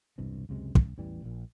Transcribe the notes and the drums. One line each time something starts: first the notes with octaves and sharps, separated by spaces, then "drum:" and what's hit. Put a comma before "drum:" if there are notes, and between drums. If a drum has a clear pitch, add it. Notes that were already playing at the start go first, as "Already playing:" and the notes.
E1 C2 G2 C3
C#2 F#2 C3 G#3
C2, drum: kick
A1 E2 E3 G3
A#1 A#2